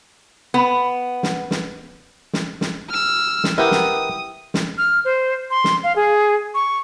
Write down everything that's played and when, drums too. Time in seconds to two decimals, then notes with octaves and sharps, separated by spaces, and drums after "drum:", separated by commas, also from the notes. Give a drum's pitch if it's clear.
0.54 B3
1.23 drum: snare
1.51 drum: snare
2.33 drum: snare
2.61 drum: snare
2.89 E6 F6
3.44 drum: snare
3.58 E4 G4 A#4 B4 F#5 D#6
3.71 drum: snare
4.54 drum: snare
4.78 F6
5.05 C5
5.51 C6
5.64 drum: snare
5.83 F5
5.96 G#4
6.54 C#6